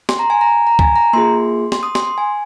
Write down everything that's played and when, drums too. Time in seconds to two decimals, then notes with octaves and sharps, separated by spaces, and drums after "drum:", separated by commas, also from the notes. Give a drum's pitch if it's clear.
0.09 C6, drum: snare
0.19 A#5
0.30 G#5
0.41 A#5
0.67 A#5
0.79 G#5, drum: kick
0.96 A#5
1.13 A#3 F4 G#4 C6
1.72 C6, drum: snare
1.83 D#6
1.95 C6, drum: snare
2.18 G#5